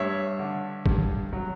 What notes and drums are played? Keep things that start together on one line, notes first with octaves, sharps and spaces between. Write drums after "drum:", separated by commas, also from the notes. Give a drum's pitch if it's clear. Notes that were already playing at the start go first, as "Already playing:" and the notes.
Already playing: G2 C#5 E5
D3
G2, drum: kick
F#3